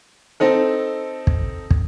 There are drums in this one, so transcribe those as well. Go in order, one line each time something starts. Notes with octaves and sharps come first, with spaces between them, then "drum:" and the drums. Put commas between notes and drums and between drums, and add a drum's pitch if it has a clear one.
C4 D#4 A4
drum: kick
drum: kick